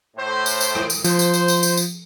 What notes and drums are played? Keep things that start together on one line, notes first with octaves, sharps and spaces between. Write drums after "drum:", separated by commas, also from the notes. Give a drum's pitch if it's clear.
A2 C5
drum: tambourine
drum: tambourine
drum: rim click
drum: tambourine
F3 C5, drum: tambourine
drum: tambourine
drum: tambourine
drum: tambourine
drum: tambourine
drum: tambourine